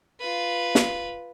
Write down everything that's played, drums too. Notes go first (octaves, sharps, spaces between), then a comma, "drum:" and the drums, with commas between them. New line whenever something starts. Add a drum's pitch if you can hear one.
F4 B4
drum: snare